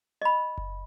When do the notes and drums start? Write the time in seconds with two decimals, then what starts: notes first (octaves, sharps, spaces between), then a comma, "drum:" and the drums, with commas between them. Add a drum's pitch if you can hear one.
0.22 D#5 B5
0.58 drum: kick F#1